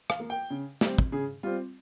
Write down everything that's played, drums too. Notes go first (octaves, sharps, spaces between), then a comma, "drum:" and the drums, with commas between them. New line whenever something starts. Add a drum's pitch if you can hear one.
F5, drum: rim click
A#3
G5
C#3
G3 C4, drum: snare
drum: kick
C#3 G#4
G3 C4 F4